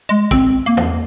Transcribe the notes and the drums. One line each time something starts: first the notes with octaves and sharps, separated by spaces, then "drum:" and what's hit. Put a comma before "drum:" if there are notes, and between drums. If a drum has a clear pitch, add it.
G#3
C4, drum: kick
A#3
drum: tom E2